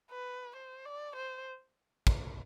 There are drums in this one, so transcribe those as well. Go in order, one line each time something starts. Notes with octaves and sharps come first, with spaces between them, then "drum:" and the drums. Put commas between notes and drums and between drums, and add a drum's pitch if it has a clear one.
B4
C5
D5
C5
drum: kick